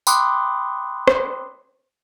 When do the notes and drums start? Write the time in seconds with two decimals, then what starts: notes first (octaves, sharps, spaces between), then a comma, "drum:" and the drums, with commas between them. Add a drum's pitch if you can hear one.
0.07 G5 B5 C6 D6 D#6 F#6, drum: tambourine
1.08 drum: rim click